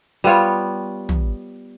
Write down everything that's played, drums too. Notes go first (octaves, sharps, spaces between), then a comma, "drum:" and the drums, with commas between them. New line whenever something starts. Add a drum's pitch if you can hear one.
G3 B3 F4 C#5
drum: tom